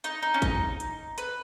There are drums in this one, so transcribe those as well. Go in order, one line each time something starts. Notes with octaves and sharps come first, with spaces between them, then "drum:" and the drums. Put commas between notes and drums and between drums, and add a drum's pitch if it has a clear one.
D#4, drum: hi-hat
D#4
C#4
D#4, drum: kick, hi-hat
drum: hi-hat
B4, drum: hi-hat